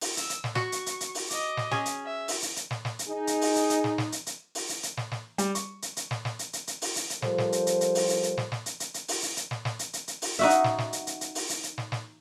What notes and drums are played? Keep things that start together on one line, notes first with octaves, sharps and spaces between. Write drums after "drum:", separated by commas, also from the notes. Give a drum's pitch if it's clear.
drum: open hi-hat
E6, drum: hi-hat
drum: hi-hat
drum: snare
F#4 C#6, drum: snare
drum: hi-hat
drum: hi-hat
drum: hi-hat
drum: open hi-hat
D#5 D6, drum: hi-hat
drum: snare
C#4 G#4, drum: snare
drum: hi-hat
E5
drum: open hi-hat
drum: hi-hat
drum: hi-hat
drum: snare
drum: snare
drum: hi-hat
D#4 G#4
drum: hi-hat
drum: open hi-hat
drum: hi-hat
drum: hi-hat
drum: snare
drum: snare
drum: hi-hat
drum: hi-hat
drum: open hi-hat
drum: hi-hat
drum: hi-hat
drum: snare
drum: snare
G3, drum: hi-hat
C#6, drum: hi-hat
drum: hi-hat
drum: hi-hat
drum: snare
drum: snare
drum: hi-hat
drum: hi-hat
drum: hi-hat
drum: open hi-hat
drum: hi-hat
drum: hi-hat
F3 G3 A4 A#4 C5, drum: snare
drum: snare
drum: hi-hat
drum: hi-hat
drum: hi-hat
drum: open hi-hat
drum: hi-hat
drum: hi-hat
drum: snare
drum: snare
drum: hi-hat
drum: hi-hat
drum: hi-hat
drum: open hi-hat
drum: hi-hat
drum: hi-hat
drum: snare
drum: snare
drum: hi-hat
drum: hi-hat
drum: hi-hat
drum: open hi-hat
D#4 F#4 E5
drum: hi-hat
drum: snare
drum: snare
drum: hi-hat
drum: hi-hat
drum: hi-hat
drum: open hi-hat
drum: hi-hat
drum: hi-hat
drum: snare
drum: snare